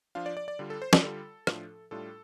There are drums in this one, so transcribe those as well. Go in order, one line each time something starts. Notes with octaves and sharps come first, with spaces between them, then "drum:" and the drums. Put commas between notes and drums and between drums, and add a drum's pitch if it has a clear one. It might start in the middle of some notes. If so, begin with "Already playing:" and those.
F3 D4 F4 F5
D5
D5
D5
D3 G3 F4
A4
C5
D5, drum: snare
D3 G3 F4 A4
A2 F3 D4 F4, drum: rim click
A2 G3 D4 F4 A4